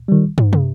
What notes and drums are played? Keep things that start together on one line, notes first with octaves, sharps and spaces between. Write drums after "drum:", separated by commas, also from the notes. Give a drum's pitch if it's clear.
D#3 G3
drum: tom
drum: tom